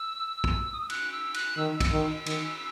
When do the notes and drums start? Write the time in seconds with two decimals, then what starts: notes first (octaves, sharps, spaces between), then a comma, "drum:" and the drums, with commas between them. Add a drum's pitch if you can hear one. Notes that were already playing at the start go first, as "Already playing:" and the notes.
Already playing: E6
0.44 drum: kick
0.73 D#6
0.81 E6
0.90 F#6, drum: cymbal
1.12 E6
1.34 F#6, drum: cymbal
1.57 D#3 E6
1.80 E6, drum: kick, cymbal
1.92 D#3
2.04 E6
2.26 D#3, drum: cymbal